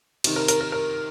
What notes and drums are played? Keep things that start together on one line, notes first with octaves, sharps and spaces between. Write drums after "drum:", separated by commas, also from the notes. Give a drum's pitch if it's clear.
C3 D#3, drum: cymbal
A#4
A#4, drum: hi-hat
A#4
A#4